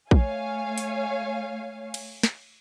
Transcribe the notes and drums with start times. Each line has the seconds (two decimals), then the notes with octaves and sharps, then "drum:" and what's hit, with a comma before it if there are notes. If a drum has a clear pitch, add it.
0.11 A3 C#5 F5 G#5, drum: kick
0.78 drum: hi-hat
1.94 drum: cymbal
2.23 drum: snare